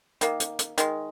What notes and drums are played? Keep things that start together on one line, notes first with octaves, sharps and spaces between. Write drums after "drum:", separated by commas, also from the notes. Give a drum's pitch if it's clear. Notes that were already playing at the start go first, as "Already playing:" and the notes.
D#3 A#3, drum: hi-hat
drum: hi-hat
drum: hi-hat
D#3 G#3, drum: hi-hat